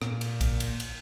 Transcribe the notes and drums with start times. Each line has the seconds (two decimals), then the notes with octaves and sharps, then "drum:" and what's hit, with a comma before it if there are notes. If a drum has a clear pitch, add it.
0.02 A#2, drum: rim click
0.21 drum: cymbal
0.41 drum: kick A#1, cymbal
0.60 drum: cymbal
0.80 drum: cymbal